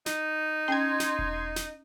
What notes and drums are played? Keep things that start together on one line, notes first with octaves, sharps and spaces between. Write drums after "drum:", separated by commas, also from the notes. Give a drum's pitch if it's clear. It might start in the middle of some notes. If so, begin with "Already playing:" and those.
D#4, drum: snare
C#4 G5 A5 C6 G#6
drum: snare
drum: kick E1
drum: snare